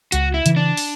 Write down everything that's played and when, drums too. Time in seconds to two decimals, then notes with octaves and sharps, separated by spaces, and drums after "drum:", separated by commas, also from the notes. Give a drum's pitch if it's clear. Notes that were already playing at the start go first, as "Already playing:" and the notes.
0.12 C#2 F#4, drum: hi-hat
0.34 E4
0.46 C#3 E3, drum: hi-hat
0.56 D4
0.77 drum: open hi-hat